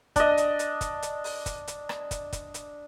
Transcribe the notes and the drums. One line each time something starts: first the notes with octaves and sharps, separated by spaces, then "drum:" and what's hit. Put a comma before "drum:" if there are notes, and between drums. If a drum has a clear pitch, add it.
D4 D#5, drum: kick, hi-hat
drum: hi-hat
drum: hi-hat
drum: kick, hi-hat
drum: hi-hat
drum: open hi-hat
drum: kick, hi-hat
drum: hi-hat
drum: rim click
drum: kick, hi-hat
drum: kick, hi-hat
drum: hi-hat